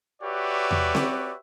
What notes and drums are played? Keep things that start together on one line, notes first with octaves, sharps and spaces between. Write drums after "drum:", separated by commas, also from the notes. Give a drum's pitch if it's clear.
F#4 G4 B4 C#5 D5 E5
drum: tom E2
drum: snare C4